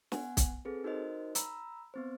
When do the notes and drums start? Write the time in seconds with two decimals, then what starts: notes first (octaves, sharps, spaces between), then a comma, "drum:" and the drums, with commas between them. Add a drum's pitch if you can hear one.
0.12 B3 F#5 G#5, drum: snare
0.37 drum: kick, hi-hat
0.65 C4 G#4 A4 B4
0.84 D#4 F#4 A#4 C5 D#5
1.35 A#5 B5 E6, drum: hi-hat
1.94 B3 C4 C5